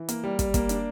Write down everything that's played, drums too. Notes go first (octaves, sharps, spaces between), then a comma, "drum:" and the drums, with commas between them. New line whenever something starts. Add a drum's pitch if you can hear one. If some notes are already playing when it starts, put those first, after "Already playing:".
Already playing: E3
A#3, drum: hi-hat
G3
G3, drum: kick, hi-hat
A#3, drum: kick, hi-hat
D4, drum: hi-hat